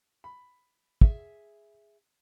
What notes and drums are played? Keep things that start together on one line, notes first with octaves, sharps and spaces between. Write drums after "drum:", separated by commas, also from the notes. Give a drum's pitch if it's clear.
B5
G#4 E5, drum: kick